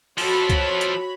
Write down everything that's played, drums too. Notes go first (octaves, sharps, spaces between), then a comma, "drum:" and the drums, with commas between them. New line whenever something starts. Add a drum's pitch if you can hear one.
F3 F#4 A4 C#5 B5, drum: open hi-hat
drum: kick C#2, hi-hat
drum: hi-hat